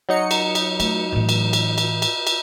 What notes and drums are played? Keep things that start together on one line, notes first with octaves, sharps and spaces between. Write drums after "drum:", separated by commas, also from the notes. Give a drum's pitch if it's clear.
F#3 D#4 C#7
drum: cymbal
drum: cymbal
A3, drum: cymbal
A2 E3
drum: cymbal
drum: cymbal
drum: cymbal
drum: cymbal
drum: cymbal